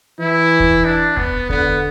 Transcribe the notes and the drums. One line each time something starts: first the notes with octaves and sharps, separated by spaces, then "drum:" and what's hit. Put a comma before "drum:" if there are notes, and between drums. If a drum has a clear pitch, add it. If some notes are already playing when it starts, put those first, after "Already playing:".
E3 E4
drum: kick E1
D4
B3, drum: kick E1
D3 B3, drum: kick E1